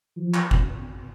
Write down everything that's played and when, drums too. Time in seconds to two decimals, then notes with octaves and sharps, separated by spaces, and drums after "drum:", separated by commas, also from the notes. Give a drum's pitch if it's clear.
0.17 F3
0.34 drum: clap
0.51 drum: kick